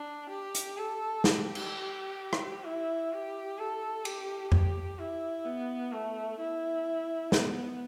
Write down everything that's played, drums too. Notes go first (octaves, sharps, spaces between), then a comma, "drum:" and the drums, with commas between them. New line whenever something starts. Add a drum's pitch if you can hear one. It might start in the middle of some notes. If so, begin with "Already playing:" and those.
Already playing: D4
G4
drum: hi-hat
A4
G4, drum: snare
drum: cymbal
drum: rim click
E4
G4
A4
G4, drum: cymbal
G4, drum: tom F2
E4
B3
A3
E4
B3, drum: snare